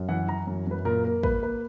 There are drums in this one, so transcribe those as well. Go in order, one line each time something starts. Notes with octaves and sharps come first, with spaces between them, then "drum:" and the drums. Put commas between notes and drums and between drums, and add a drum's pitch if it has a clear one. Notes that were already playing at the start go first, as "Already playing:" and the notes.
Already playing: F#2
E3 F#5
E3 A#5
F#2
F#2 B4
A#2 A#4
A#3 A#4
A#3 B4, drum: kick
A#3 B4